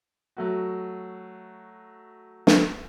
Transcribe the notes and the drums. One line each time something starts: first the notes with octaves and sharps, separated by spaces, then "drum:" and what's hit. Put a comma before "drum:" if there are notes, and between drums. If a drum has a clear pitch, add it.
F#3 A3 F#4
drum: snare